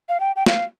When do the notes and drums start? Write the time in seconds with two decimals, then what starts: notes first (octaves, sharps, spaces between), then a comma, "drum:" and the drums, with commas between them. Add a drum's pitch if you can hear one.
0.09 F5
0.20 G5
0.36 G5
0.46 F5, drum: snare